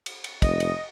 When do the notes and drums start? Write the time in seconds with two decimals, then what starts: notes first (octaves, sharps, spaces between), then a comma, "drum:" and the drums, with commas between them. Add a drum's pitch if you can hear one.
0.06 drum: cymbal
0.24 drum: cymbal
0.42 F1 D#5, drum: kick, cymbal
0.60 drum: cymbal